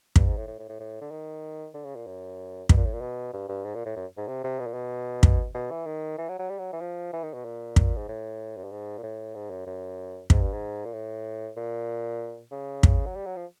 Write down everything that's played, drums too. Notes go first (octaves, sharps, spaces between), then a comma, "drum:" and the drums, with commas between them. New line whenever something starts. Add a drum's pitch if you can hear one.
G2, drum: kick
G#2
A2
A2
A2
A2
A2
D3
D#3
D3
C#3
A#2
F#2
B2, drum: kick
A#2
A2
A#2
B2
G2
G2
G#2
A#2
A2
F#2
G#2
C3
C3
B2
A#2
B2
drum: kick
B2
E3
D#3
E3
F#3
F#3
G3
F#3
E3
F3
E3
D#3
B2
A#2
drum: kick
G#2
A2
F#2
G2
G#2
A#2
A2
G#2
F#2
F#2
G#2, drum: kick
G2
G#2
A#2
A2
A#2
C#3
drum: kick
F#3
G3
F#3
F3